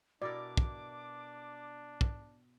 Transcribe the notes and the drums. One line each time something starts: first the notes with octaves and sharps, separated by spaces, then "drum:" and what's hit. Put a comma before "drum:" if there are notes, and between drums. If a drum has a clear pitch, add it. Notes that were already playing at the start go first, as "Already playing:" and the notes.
B2 D4 E4 A#4 D5 D6
drum: kick
drum: kick